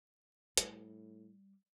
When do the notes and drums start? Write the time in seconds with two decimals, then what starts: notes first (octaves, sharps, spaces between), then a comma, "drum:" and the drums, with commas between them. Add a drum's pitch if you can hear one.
0.57 A2 G3, drum: hi-hat